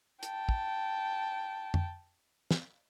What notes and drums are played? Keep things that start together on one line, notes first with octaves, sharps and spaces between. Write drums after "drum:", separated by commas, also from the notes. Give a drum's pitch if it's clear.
G5 A5, drum: hi-hat
drum: kick
drum: tom
drum: snare